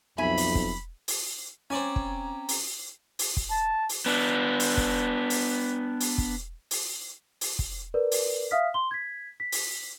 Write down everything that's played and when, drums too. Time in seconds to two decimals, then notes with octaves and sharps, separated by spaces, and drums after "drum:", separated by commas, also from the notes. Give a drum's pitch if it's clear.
0.18 B1 F2 E5 G#5 B5
0.38 drum: open hi-hat
0.55 drum: kick
1.08 drum: open hi-hat
1.70 C4 C#4 D5 G#5 A#5
1.96 drum: kick
2.49 drum: open hi-hat
3.19 drum: open hi-hat
3.37 drum: kick
3.51 A5
3.89 drum: open hi-hat
4.06 B3 D4
4.60 drum: open hi-hat
4.77 drum: kick
5.30 drum: open hi-hat
6.01 drum: open hi-hat
6.18 drum: kick
6.71 drum: open hi-hat
7.41 drum: open hi-hat
7.59 drum: kick
7.94 A#4 B4 D5
8.12 drum: open hi-hat
8.51 E5 F5 D#6 F6 B6
8.74 C6 G7
8.91 G#6 B6
9.40 B6
9.52 drum: open hi-hat